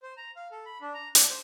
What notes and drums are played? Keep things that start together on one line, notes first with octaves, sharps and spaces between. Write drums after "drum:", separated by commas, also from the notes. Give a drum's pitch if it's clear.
C5
A#5
F5
A4
B5
D4
A#5
D4, drum: hi-hat
C5